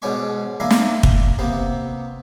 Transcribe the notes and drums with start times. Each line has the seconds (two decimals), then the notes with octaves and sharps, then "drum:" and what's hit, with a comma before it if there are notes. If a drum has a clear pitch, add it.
0.02 G#2 B2 C#4 D5 G#5 C#6
0.60 A#3 D4 E4 F5 G#5 A#5
0.70 drum: snare
1.03 drum: kick
1.39 C3 A#3 B3